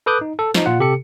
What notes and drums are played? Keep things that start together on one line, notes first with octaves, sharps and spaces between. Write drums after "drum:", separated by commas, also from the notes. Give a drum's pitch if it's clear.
A4 B4 D6 D#6 F#6 G6
D#4
A4
F3 D#4, drum: snare
A#2 F4 F#5
C3 G4 A4 C#7